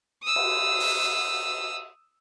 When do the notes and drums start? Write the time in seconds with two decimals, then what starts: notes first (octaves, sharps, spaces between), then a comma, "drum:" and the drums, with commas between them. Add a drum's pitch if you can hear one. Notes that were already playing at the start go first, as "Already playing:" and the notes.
0.23 D#6 E6
0.36 drum: cymbal
0.80 drum: open hi-hat